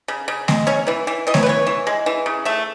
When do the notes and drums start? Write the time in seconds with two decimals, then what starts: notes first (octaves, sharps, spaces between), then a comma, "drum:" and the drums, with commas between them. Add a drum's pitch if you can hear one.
0.08 C#3
0.28 C#3
0.48 G#3, drum: snare A3
0.67 C#4 C#5
0.87 E3 B4
1.07 E3
1.27 E3 D#5
1.34 C#5, drum: snare A3
1.43 B4
1.46 E3 C#5
1.67 E3
1.87 G#3
2.06 E3
2.26 C#3
2.45 A3 E5